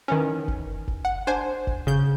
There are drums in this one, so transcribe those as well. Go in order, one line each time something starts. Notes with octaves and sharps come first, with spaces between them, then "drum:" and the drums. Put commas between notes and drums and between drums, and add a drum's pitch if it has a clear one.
D#3 E3 C#4
drum: kick F1
drum: kick F1
F#5
D4 C5 G#5
drum: kick F1
C#3 G6